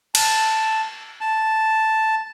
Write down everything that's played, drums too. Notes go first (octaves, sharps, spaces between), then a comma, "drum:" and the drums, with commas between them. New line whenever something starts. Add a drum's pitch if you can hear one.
A5, drum: cymbal
A5